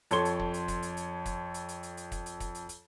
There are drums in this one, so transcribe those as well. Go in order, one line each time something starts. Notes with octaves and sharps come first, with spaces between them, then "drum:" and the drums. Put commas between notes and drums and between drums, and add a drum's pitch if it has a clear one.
F2 A4 C#5 C6 G7, drum: hi-hat
drum: hi-hat
drum: kick
drum: hi-hat
drum: kick, hi-hat
drum: hi-hat
drum: hi-hat
drum: kick, hi-hat
drum: hi-hat
drum: hi-hat
drum: hi-hat
drum: hi-hat
drum: kick, hi-hat
drum: hi-hat
drum: kick, hi-hat
drum: hi-hat
drum: hi-hat